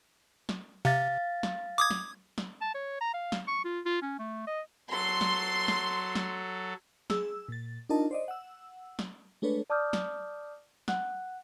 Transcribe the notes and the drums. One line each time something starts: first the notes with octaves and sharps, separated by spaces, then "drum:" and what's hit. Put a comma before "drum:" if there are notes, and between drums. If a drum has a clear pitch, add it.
drum: snare
C3 F5 A6
drum: snare
D6 D#6 G#6
drum: snare
drum: snare
A5
C#5
A#5
F5
drum: snare
C#6
F4
F4
C#4
A3
D#5
F#3 A4 C6
drum: snare
drum: snare
drum: snare
G#4 E6, drum: snare
A#2 A6
D4 D#4 F4 A#4 D#5 A5
C5 D5 D#5
F#5 E6
drum: snare
G#3 A3 D4 A4 B4 C#5
D5 A5 D6 D#6 F6 G6
drum: snare
F#5 F#6, drum: snare